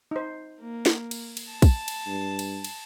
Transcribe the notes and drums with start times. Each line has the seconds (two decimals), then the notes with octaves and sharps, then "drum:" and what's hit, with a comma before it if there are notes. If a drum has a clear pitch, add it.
0.11 D#4 C5
0.60 A#3
0.86 drum: snare
1.11 drum: cymbal
1.37 drum: cymbal
1.51 A5
1.62 drum: kick, cymbal
1.88 drum: cymbal
2.06 G2
2.39 drum: cymbal
2.64 drum: cymbal